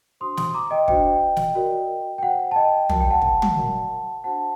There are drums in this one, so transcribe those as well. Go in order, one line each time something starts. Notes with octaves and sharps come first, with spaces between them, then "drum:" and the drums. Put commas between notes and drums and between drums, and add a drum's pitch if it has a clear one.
D4 F#4 C5 C6 D#6
C6 D#6, drum: snare
A#5 D6
D#5 G5
D4 F#4 C5 D#5 G5, drum: kick
drum: snare
F#4 A#4 D5
G5
F#4 C5 F#5
A5
D#5 G5
F#4 A#4 D5 A5, drum: tom
G5
F#5 A5
drum: kick
drum: tom
F#4 A#4 D5
D4 F#4 C5 F#5 A5